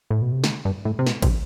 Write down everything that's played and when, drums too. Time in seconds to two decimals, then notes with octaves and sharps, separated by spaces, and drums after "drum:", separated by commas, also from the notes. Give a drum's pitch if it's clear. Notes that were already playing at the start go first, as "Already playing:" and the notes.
0.10 A2
0.22 B2
0.32 C3
0.44 D3, drum: snare
0.65 G2
0.85 A2
0.99 C3
1.06 B2, drum: snare
1.22 C3, drum: kick, cymbal